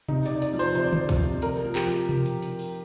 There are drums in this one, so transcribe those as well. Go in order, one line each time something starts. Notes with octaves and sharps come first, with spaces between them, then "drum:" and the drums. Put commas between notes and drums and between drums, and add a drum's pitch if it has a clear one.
C3 D#4, drum: tom B2
C3 D5, drum: hi-hat
D5, drum: hi-hat
F3
C5, drum: open hi-hat
C3 C5, drum: hi-hat
D5
C5, drum: tom D3
C3
drum: kick, hi-hat
C3
C3 A#4, drum: hi-hat
F3
G4, drum: clap
F3
drum: tom B2
drum: hi-hat
drum: hi-hat
drum: open hi-hat